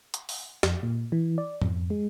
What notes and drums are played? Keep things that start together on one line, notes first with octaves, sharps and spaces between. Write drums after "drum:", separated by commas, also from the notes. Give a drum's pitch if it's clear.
drum: hi-hat
drum: open hi-hat
F2, drum: snare
A#2
E3
D5
F2, drum: tom G#2
G#3